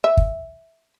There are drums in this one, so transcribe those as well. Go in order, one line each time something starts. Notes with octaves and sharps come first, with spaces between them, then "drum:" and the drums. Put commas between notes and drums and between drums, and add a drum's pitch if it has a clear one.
E5
drum: kick